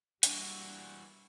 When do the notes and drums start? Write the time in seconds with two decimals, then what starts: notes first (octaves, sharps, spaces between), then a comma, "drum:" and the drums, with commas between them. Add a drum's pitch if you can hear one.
0.23 E3 G3 A#3 D4 F#4, drum: hi-hat